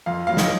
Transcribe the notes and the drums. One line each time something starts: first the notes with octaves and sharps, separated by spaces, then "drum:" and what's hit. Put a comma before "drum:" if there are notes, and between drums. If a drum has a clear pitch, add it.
F2 F5
F#3 F5
D#5, drum: snare